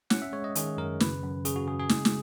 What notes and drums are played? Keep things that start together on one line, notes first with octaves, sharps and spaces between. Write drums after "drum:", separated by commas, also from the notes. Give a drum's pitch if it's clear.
C#4 F#5, drum: snare
E5
G#3 C#5
D#5
D#3 G#4, drum: hi-hat
F#2 A#4
C#3 B4, drum: snare
F#2
C#3 G#4, drum: hi-hat
F#4
C#3 G#4
G#4
G#3, drum: snare
drum: snare